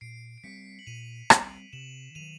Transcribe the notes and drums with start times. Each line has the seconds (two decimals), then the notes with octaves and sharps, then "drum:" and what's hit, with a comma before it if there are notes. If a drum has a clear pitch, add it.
0.01 A#2 C7 D7
0.38 D7
0.44 G3 C4 B6 C#7
0.79 F#7
0.86 A#2 D#7 F7
1.30 G3 C4, drum: rim click
1.73 C3 E7 F#7
2.15 D#3 F#3 D#7 F7